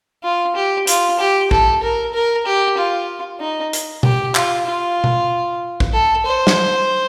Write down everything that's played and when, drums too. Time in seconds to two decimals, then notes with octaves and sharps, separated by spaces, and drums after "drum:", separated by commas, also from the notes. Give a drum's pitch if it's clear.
0.24 F4
0.55 G4
0.87 F4, drum: hi-hat
1.19 G4
1.51 A4, drum: kick
1.82 A#4
2.13 A#4
2.46 G4
2.77 F4
3.40 D#4
3.73 drum: hi-hat
4.03 G4, drum: tom B2
4.35 F4, drum: clap
4.67 F4
5.04 drum: tom B2
5.80 drum: kick
5.93 A4
6.26 C5
6.47 drum: snare